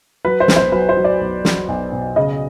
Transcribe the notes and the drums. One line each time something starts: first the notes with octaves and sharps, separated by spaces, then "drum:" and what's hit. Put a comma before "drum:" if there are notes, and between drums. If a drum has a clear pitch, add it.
F#3 B4
C5
B1, drum: snare
C5
F#3 B4
C5
F#3
D5
B1
F#3, drum: snare
B1
B2
C#3 D#5